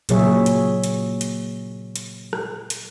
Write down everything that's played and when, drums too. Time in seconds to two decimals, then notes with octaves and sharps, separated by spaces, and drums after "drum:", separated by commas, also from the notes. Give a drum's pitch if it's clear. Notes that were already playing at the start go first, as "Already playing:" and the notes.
0.09 A#2 C#3 F#3 G#4 C#5 E5, drum: hi-hat
0.46 drum: hi-hat
0.84 drum: hi-hat
1.21 drum: hi-hat
1.96 drum: hi-hat
2.33 drum: rim click
2.70 drum: hi-hat